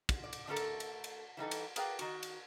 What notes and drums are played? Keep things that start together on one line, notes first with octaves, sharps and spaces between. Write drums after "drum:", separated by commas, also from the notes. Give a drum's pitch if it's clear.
drum: kick, cymbal
D5
drum: cymbal
D3 A3 C#4 F4 A4 A#4
drum: cymbal
drum: cymbal
drum: cymbal
E3 G3 D#4 A4
drum: cymbal
G#4 A#4 B4 D5 F5 G5, drum: cymbal
D#3 F#4, drum: cymbal
drum: cymbal